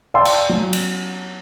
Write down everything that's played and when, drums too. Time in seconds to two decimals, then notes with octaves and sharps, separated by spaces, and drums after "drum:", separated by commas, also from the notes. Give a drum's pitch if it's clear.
0.14 D5 F5 G5 A5 C6 E6
0.25 drum: cymbal
0.49 F#3
0.73 drum: cymbal